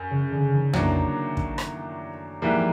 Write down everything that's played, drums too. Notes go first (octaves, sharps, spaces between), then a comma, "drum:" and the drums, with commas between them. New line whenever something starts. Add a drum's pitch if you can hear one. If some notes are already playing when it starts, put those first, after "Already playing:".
Already playing: F#2
C#3
D3
D#3
A2 F#3 A#3 D4, drum: tom
drum: kick
drum: rim click
G#2 E3 F3 G3 A#3